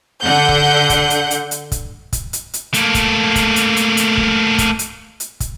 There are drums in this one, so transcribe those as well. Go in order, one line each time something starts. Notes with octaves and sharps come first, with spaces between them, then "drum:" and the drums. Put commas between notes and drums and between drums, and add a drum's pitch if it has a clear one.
D3 F#5 G6
drum: kick
drum: kick, hi-hat
drum: hi-hat
drum: hi-hat
drum: hi-hat
drum: kick, hi-hat
drum: kick, hi-hat
drum: hi-hat
drum: hi-hat
A3 A#3, drum: hi-hat
drum: kick, hi-hat
drum: kick, hi-hat
drum: hi-hat
drum: hi-hat
drum: hi-hat
drum: kick
drum: kick, hi-hat
drum: hi-hat
drum: hi-hat
drum: kick, hi-hat